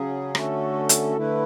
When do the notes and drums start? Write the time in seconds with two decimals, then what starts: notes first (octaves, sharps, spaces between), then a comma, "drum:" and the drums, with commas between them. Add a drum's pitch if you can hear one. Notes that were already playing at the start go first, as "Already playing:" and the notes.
Already playing: C#3 F#3 C#4 G#4
0.35 D3 A3 C#4 F#4 A4, drum: rim click
0.89 drum: hi-hat
1.16 D3 A3 E4 B4